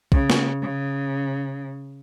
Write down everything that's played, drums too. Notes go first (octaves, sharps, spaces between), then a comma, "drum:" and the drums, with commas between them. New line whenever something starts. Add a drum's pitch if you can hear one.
C#3, drum: kick
drum: snare
C#3